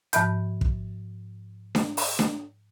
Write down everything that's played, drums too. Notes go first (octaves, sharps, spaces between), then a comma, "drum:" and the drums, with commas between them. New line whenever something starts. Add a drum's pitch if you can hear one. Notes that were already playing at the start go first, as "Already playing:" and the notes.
G#2 F3 E5 B5 G6, drum: hi-hat
drum: kick
drum: snare D4
drum: open hi-hat
drum: snare D4